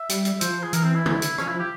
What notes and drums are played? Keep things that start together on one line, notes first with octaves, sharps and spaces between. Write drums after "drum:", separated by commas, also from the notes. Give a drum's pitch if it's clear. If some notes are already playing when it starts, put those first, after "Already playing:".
Already playing: E5
G3, drum: hi-hat
drum: hi-hat
F3 C5, drum: hi-hat
G#4
E3 A#4, drum: hi-hat
C4
E4
drum: tom
drum: hi-hat
F3 C#4, drum: rim click
E4
G4